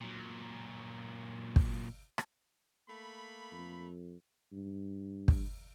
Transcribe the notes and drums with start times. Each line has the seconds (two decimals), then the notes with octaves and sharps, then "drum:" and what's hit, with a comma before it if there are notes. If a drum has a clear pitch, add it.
0.01 A#2 F#3
1.56 drum: kick
2.18 drum: rim click
2.90 A3 A#3 B5
3.52 F2
4.52 G2
5.28 drum: kick